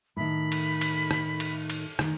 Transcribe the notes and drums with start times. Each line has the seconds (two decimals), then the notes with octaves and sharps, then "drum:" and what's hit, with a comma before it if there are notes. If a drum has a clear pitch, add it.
0.17 A2 D#3 B5
0.52 drum: cymbal
0.81 drum: cymbal
1.11 drum: rim click
1.40 drum: cymbal
1.70 drum: cymbal
1.99 D#3, drum: rim click